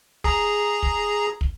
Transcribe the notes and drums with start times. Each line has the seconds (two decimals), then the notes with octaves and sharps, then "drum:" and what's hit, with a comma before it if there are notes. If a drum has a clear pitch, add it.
0.24 G#4 A#5, drum: kick
0.83 drum: kick
1.41 drum: kick